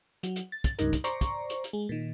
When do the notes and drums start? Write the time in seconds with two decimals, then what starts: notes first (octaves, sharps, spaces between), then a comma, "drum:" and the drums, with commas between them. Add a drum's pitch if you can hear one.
0.23 F#3, drum: hi-hat
0.36 drum: hi-hat
0.52 A6
0.64 drum: kick, hi-hat
0.79 C#2 G2 D#4 A#4, drum: hi-hat
0.93 drum: kick, hi-hat
1.04 C5 D5 A#5 C#6, drum: hi-hat
1.21 drum: kick, hi-hat
1.50 drum: hi-hat
1.64 drum: hi-hat
1.73 G#3
1.89 A#2 D#3